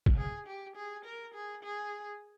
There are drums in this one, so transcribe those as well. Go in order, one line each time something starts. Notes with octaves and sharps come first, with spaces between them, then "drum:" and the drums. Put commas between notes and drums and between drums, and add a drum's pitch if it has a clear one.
drum: kick
G#4
G4
G#4
A#4
G#4
G#4